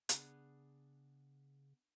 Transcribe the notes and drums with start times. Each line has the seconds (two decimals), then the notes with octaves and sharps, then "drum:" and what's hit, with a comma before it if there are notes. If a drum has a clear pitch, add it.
0.09 C#3 B3 D4 G#4, drum: hi-hat